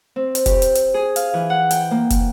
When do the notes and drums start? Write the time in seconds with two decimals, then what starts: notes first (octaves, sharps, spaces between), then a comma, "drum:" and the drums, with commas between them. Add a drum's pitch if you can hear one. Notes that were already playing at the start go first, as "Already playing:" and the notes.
0.16 C4
0.35 drum: hi-hat
0.46 G4, drum: kick, hi-hat
0.62 drum: hi-hat
0.75 drum: hi-hat
0.94 G#4
1.16 F5, drum: hi-hat
1.34 E3
1.50 F#5
1.71 G5, drum: hi-hat
1.91 A#3
2.10 drum: kick, hi-hat